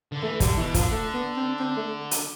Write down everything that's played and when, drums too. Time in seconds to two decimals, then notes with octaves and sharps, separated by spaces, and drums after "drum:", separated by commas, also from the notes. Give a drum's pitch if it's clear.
0.12 D3
0.23 E3 A3
0.40 D3 G3, drum: kick, hi-hat
0.57 B2 E3
0.74 D3 F3, drum: kick, hi-hat
0.92 A3
1.14 B3
1.37 C4
1.60 C4
1.77 A3
2.11 drum: hi-hat